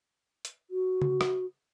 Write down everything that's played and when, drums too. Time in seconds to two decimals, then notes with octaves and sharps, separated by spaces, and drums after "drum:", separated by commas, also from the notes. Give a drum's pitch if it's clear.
0.45 drum: hi-hat
0.70 F#4
1.02 drum: tom C#3
1.21 drum: rim click